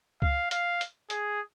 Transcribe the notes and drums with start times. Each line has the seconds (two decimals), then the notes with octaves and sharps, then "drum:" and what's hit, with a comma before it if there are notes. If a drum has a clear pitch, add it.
0.22 F5, drum: kick C#2
0.51 F5, drum: hi-hat
0.81 drum: hi-hat
1.10 G#4, drum: hi-hat